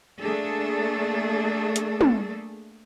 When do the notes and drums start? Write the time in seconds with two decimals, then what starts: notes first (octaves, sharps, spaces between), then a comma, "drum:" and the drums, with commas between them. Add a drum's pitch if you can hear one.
0.20 A3 A#3 D4 G#4 A4
1.76 drum: hi-hat
2.01 drum: tom